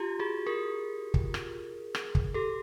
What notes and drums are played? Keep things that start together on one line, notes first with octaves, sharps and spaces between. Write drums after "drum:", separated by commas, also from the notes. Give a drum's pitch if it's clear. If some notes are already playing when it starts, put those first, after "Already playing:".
Already playing: F4 G4
F#4 G#4
G#4 A#4
drum: kick
drum: rim click
drum: rim click
drum: kick
G4 A4